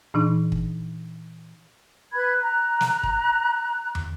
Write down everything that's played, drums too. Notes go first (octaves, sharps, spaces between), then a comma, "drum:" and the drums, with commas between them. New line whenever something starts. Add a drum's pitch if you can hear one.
A#2 E3 D4 D#4
drum: kick
B4 B5 F#6 G#6
A#5 F#6
drum: snare
drum: kick
drum: tom